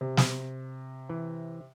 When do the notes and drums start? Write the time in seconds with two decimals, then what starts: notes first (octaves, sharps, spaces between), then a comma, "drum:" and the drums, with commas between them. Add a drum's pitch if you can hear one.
0.01 C3
0.17 drum: snare
1.09 E3